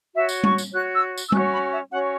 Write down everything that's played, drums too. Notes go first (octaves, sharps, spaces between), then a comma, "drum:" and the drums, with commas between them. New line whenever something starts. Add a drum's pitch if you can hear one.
F#4 C#5 E5
drum: tambourine
C#6, drum: tom G3
drum: tambourine
F#4 C#5 F#6
E6
drum: tambourine
E6
C#4 F#4 C#5 F#6, drum: tom G3
B5
E5
C#4 F#4 C#5 F#5